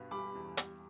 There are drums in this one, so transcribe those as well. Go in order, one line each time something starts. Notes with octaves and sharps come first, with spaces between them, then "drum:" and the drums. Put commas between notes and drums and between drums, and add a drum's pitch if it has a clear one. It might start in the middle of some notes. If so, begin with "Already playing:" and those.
Already playing: G2 B2 B3
G3 B5 D6
E2
G3, drum: hi-hat